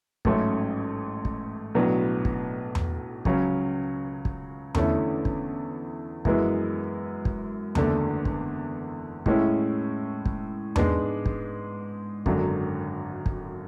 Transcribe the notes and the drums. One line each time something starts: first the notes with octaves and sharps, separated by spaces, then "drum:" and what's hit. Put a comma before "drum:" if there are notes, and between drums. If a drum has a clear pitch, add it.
A1 G#2 F#3 A3 C#4, drum: kick
drum: kick
B1 A2 F#3 B3 D4
drum: kick
drum: tom E2
C#2 C#3 F#3 C#4, drum: kick
drum: kick
E2 D3 A3 C#4 E4, drum: tom E2
drum: kick
F#2 E3 G#3 B3 E4, drum: kick
drum: kick
F#1 E2 D3 A3, drum: tom E2
drum: kick
A2 G#3 C#4 E4, drum: kick
drum: kick
G#2 G#3 B3 D4, drum: tom E2
drum: kick
G#1 F#2 D3 F#3, drum: kick
drum: kick